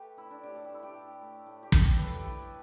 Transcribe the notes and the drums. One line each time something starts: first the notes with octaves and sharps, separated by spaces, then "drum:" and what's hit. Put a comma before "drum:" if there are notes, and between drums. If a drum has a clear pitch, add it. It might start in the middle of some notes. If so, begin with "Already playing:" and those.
Already playing: A3 G4 A4 B4
A2 E4
D4
A2 G4
A4
A3 G4
E4
G4
A2
A3
A2
G4
A3 A4, drum: kick
A3 B4
A4
G4
A3 E4